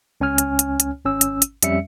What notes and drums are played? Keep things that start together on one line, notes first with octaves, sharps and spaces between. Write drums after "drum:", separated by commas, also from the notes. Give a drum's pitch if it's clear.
C#2 C#4 C#5 G#5 F6
drum: hi-hat
drum: hi-hat
drum: hi-hat
G#1 C#4 E6
drum: hi-hat
drum: hi-hat
F2 G3 C#4 E5 C#7, drum: hi-hat